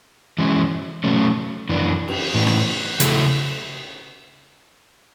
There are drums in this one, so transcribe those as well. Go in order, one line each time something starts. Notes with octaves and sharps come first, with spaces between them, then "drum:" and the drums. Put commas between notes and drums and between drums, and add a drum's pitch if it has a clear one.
E3 G#3 C#4
B2 F#3 A3 C#4
F#2 E3 B3 D4
drum: cymbal
A2 E3 B3
drum: rim click
C#3 F#3 A3 E4 A4, drum: hi-hat